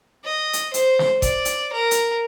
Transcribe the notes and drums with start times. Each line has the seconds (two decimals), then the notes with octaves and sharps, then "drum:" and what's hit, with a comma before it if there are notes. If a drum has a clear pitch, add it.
0.24 D#5
0.53 drum: hi-hat
0.74 C5, drum: hi-hat
0.99 drum: snare
1.22 D5, drum: kick G#1, hi-hat
1.45 drum: hi-hat
1.73 A#4
1.91 drum: hi-hat